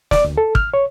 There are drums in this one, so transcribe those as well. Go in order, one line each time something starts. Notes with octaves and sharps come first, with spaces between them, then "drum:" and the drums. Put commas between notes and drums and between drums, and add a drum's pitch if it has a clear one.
D5, drum: snare
D2
A4
F6, drum: kick
C#5